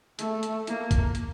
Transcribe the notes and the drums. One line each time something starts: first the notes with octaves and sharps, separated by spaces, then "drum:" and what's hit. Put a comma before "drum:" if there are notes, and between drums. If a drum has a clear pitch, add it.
A3, drum: hi-hat
drum: hi-hat
A#3, drum: hi-hat
drum: kick, hi-hat
drum: hi-hat